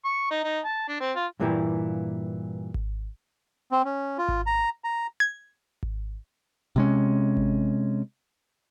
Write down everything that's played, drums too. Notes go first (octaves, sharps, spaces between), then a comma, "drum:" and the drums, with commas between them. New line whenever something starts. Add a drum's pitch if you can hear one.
C#6
D#4
D#4
A5
D4
C4
F4
G2 A#2 E3 A#3 E4 G4
drum: kick G#1
C4
C#4
F4
drum: kick G#1
A#5
A#5
G#6
drum: kick G#1
C3 G#3 C#4
drum: kick G#1